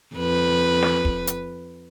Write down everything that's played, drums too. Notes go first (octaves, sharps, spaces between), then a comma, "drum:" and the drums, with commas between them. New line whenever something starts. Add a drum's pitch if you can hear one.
F2 B4
drum: snare
drum: kick
drum: hi-hat